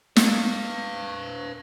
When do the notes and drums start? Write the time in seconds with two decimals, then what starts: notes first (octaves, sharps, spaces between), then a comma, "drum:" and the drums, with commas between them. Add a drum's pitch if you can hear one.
0.16 B4 F5, drum: snare